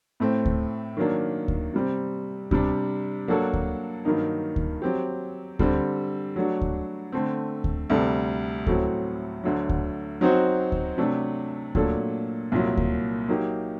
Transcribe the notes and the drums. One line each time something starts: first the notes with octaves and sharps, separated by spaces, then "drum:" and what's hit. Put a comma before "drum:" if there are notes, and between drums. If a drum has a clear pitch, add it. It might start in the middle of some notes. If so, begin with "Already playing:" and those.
A2 A3 C4
drum: kick D2
D#3 F#3 A#3 D4
drum: kick D2
C3 G3 C4
C3 G3 D4, drum: kick D2
F#3 A#3 D4 F#4 A4
drum: kick D2
G2 D#3 F#3 A#3 D#4
drum: kick D2
F#3 C4 G4
D3 G3 C4, drum: kick D2
F#3 A3 D4 F#4
drum: kick D2
D3 A3 C4
drum: kick D2
D2 C3 G3 D4 A4
A2 F#3 C4 F#4 A4, drum: kick D2
D2 D3 F#3
drum: kick D2
F#3 C4 D#4 F#4 C5
drum: kick D2
C3 F#3 A3 D4 A4
A#2 F#3 A3 D4 A4, drum: kick D2
C2 A#2 F#3
drum: kick D2
F#3 A#3 D#4 G4